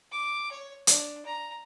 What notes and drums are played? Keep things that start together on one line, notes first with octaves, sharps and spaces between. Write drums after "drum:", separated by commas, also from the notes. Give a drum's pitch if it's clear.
D6
C#5
D4, drum: hi-hat
A#5